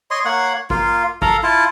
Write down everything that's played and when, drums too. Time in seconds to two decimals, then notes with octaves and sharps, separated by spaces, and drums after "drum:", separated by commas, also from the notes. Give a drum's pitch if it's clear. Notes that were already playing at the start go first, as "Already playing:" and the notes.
0.11 C#5 D#5 C6
0.25 A#3 C#5 F#5
0.70 A#3 F4, drum: kick G#1
1.22 A4 A#4 F5 A#5, drum: kick G#1
1.43 E4 F4 A5